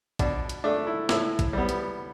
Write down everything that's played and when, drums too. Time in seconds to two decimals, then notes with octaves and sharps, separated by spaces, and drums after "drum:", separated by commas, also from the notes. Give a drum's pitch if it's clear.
0.19 B2 D4, drum: kick A1, hi-hat
0.49 drum: hi-hat
0.64 A3 D4
0.87 E4
1.09 A2 E4, drum: snare
1.39 drum: kick A1, hi-hat
1.53 G3 B3
1.69 drum: hi-hat